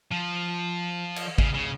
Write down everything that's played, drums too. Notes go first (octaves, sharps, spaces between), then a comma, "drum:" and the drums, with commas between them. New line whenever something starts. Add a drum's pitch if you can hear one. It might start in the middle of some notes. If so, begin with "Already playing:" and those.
F3
drum: cymbal
C#3, drum: kick G#1
C#3